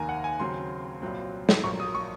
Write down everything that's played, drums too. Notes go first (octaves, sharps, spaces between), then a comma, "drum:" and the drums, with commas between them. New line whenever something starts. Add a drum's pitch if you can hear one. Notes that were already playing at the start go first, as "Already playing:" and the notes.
Already playing: F1 D#2 D#3 A#3 G#5 A#5
F#5
G#5
D#2 C#3 F#3 C4 C6
C2 A#2 F#3 C4
drum: snare
A#1 A#2 F#3 A#3 C#6
D#6
C#6